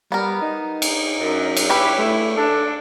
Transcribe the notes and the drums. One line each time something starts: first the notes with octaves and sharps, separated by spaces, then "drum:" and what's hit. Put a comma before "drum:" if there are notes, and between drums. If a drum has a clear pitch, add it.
G3 B3 A#4
D#4
drum: cymbal
F#2
drum: cymbal
C#4 E4 G4 B4
A3 E4
D4 A4